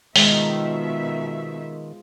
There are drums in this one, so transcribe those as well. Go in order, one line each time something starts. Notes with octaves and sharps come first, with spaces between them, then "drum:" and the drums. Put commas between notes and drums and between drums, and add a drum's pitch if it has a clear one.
G#2 B2 D#3 F3 G#3 E5, drum: open hi-hat